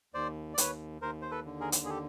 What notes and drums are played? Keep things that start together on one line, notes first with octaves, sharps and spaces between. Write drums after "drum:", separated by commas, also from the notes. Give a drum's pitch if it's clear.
D#2 C5 D5
D5
D#2 B4 C#5, drum: hi-hat
D#2 A#4 C5
C5
A4 B4
D3
G#4 A#4
drum: hi-hat
G#4
G4 A4